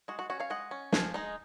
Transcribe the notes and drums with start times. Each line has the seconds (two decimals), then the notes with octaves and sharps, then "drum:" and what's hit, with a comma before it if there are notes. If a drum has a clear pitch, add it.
0.08 G#3 F#4
0.19 F#4
0.30 C#4 F#4
0.40 C#5 F5
0.50 G#3 D#5 F#5
0.71 C#4
0.92 F3 F5 G#5, drum: snare
1.14 G#3 D#4